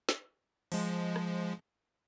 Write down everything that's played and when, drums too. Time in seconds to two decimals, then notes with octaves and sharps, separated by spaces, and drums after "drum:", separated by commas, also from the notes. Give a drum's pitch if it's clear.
0.09 drum: snare
0.72 F3 G#3, drum: open hi-hat
1.16 drum: rim click